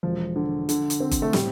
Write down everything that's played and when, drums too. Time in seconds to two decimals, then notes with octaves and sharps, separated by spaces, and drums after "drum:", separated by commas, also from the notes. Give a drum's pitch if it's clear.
0.03 E1 F3
0.36 D3
0.69 D3, drum: hi-hat
0.90 drum: hi-hat
1.00 C4
1.11 drum: kick G1, hi-hat
1.22 A3
1.33 A2 G3, drum: snare